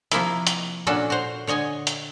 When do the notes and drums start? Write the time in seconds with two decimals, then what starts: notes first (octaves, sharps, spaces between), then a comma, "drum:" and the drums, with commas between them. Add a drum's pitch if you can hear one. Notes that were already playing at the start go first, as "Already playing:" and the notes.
0.12 C3 F3 A#3 E4, drum: hi-hat
0.47 drum: hi-hat
0.87 A#2 C#4 D4 F#4 A4
1.10 F#4 C5
1.47 D3 C#5 D#5 G#5
1.87 drum: hi-hat